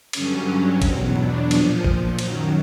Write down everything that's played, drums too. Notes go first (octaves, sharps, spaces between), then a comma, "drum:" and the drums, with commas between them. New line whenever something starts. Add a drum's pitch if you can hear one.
G2 D3 F#3 C#4, drum: cymbal
E2 B2 F#3 C4, drum: kick, cymbal
D4, drum: tom G#2
A#2 F3, drum: cymbal
drum: kick
F#2 D#3 F#3, drum: cymbal